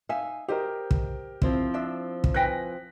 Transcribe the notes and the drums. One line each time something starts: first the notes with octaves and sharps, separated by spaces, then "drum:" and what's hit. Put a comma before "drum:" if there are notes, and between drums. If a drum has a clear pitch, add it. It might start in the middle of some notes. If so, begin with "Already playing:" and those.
D#4 E5 F5 G#5
G4 A#4 C5 D#5
drum: kick
F3 C4 E4, drum: kick
D4 E5
drum: kick
B4 G5 G#5 F#6 A#6 B6